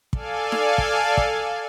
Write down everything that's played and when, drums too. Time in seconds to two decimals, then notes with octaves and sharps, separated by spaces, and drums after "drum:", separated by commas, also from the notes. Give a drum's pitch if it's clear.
0.13 A4 D5 F5 G#5, drum: kick
0.52 drum: snare D#4
0.78 drum: kick
1.17 drum: kick